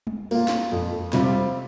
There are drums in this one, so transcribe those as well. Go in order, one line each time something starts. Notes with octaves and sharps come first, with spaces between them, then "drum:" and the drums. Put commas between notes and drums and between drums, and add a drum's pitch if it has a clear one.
drum: tom G3
A#3 F4, drum: cymbal
drum: snare
F2
C3 G3 C4 F4, drum: snare